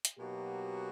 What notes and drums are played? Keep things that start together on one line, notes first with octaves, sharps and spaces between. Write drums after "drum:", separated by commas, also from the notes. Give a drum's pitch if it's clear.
drum: hi-hat
B2 F#3 A#3 D#4 F#4 G4